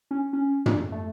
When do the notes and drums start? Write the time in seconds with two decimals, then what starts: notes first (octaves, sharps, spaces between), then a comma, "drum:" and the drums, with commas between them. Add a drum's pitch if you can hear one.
0.11 C#4
0.33 C#4
0.66 drum: tom
0.92 A3